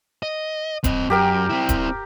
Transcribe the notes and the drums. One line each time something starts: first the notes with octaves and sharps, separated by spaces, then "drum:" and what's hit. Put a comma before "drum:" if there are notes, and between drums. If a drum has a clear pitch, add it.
D#5
C4 D#5, drum: kick D1, hi-hat
F#2 G4 A#4 G5
C4 E4
drum: kick D1, hi-hat